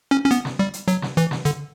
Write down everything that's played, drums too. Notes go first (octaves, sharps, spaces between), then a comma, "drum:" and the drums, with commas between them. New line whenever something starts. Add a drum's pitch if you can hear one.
C#4
C#4
B3, drum: hi-hat
drum: snare
G3
drum: hi-hat
F#3, drum: hi-hat
drum: snare
E3, drum: hi-hat
drum: snare
D3, drum: hi-hat